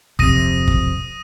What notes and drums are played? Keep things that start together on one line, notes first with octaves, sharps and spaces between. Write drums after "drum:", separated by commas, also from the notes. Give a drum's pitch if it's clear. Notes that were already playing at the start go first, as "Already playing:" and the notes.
D1 F2 C3 D#6 A#6 D#7, drum: kick
drum: kick